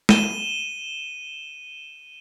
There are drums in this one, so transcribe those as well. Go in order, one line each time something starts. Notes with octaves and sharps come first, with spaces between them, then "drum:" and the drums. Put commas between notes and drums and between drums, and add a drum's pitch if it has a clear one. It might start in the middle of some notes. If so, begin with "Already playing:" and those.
D#7 E7 G7, drum: snare